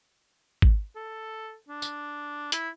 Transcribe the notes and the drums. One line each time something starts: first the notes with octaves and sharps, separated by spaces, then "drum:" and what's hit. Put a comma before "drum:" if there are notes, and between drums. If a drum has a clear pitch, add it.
drum: kick G#1
A4
D4
drum: tambourine
E4, drum: hi-hat